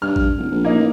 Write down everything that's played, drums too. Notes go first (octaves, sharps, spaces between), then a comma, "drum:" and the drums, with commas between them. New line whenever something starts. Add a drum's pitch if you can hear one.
G2 F6
drum: kick
D1
A#1
A#3 D#4
A1